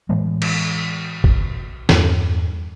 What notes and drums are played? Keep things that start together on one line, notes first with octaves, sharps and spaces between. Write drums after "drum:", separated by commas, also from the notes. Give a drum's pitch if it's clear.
A2 E3 F#3 G#3
drum: cymbal
drum: kick
E2 G2, drum: snare